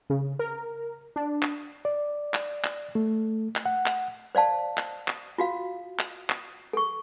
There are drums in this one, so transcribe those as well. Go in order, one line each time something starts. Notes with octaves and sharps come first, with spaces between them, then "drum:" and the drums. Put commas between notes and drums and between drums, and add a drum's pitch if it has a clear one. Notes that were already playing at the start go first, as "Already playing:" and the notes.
C#3
A#4
D4
drum: clap
D5
drum: clap
drum: clap
A3
drum: clap
F#5
drum: clap
C5 D5 F5 A5
drum: clap
drum: clap
F4 F#4 F5
drum: clap
drum: clap
A4 C#6